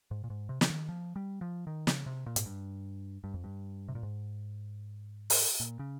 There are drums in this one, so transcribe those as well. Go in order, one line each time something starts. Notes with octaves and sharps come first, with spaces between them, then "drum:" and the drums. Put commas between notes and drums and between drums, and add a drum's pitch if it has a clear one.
G#2
A#2
G#2
C3
C#3, drum: snare
D#3
F3
G3
F3
D#3
C#3, drum: snare
C3
A#2
G#2, drum: hi-hat
G2
G2
F2
G2
C3
A#2
G#2
drum: open hi-hat
A#2
C#3